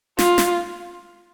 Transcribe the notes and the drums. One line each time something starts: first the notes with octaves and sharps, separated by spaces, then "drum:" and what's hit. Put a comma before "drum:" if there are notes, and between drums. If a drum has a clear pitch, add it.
F4, drum: snare
drum: snare